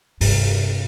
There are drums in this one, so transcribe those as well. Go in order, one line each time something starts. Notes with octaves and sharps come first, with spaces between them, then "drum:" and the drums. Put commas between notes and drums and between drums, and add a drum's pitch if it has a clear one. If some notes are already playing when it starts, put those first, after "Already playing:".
G2 C3, drum: open hi-hat